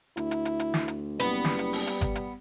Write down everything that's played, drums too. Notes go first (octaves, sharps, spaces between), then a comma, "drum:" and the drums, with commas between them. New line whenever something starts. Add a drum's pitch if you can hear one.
D2 E4, drum: hi-hat
drum: hi-hat
drum: hi-hat
drum: hi-hat
drum: snare
drum: hi-hat
F#1 G3 B3
drum: snare
drum: hi-hat
drum: open hi-hat
drum: hi-hat
drum: kick G#1, hi-hat
drum: hi-hat